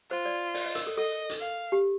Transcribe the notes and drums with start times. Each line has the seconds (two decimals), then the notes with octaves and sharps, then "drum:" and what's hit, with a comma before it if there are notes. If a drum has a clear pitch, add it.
0.11 F4 C5
0.26 D5
0.54 D5, drum: open hi-hat
0.65 D#5
0.75 A#4, drum: hi-hat
0.87 A4
0.97 A4 D#5
1.30 drum: hi-hat
1.40 F5
1.72 G4